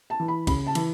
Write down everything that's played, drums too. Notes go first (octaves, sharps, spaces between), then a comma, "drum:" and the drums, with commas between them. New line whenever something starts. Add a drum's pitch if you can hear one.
A5
E3
B5
C#3 B5, drum: kick, cymbal
A5
E3, drum: cymbal